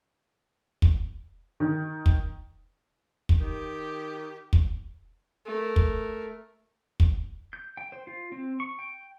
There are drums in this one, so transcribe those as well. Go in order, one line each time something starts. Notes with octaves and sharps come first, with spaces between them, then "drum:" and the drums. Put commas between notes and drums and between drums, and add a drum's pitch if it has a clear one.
drum: kick
D#3
drum: kick
drum: kick
D#3 G4
drum: kick
A3 A#4
drum: kick
drum: kick
G6
G5
C5
F4
C4
C#6
G5